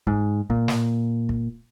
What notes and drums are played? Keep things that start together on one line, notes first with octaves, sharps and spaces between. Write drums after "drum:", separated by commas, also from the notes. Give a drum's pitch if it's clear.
G#2, drum: kick
A#2, drum: kick
drum: snare
drum: kick